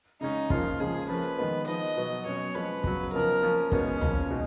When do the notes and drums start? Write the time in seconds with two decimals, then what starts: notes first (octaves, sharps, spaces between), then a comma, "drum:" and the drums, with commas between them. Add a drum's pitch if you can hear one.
0.21 C#3 G#3 C#4 D#4
0.50 C#3 F3 A#3 D#4 F4, drum: kick
0.80 C#3 F3 G#3 G#4
1.09 F3 A#3 C#4 B4
1.38 D#3 G#3 B3
1.67 F3 B3 D#4 D#5
1.96 B2 F#3 B3
2.26 B2 F#3 C#4 C#5
2.55 F3 G#3 C#4 B4
2.84 C#3 F#3 B3, drum: kick
3.13 C#3 F3 B3 D#4 A#4
3.43 F3 A#3 C#4
3.72 B2 G#3 B3 C#4 D#4, drum: kick
4.01 C#3 F3 A#3, drum: tom
4.30 B2 G#3 D#4